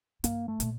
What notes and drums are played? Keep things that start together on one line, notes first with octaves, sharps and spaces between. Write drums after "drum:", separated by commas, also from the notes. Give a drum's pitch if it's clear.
G2 A#3, drum: hi-hat
A3
A#2, drum: hi-hat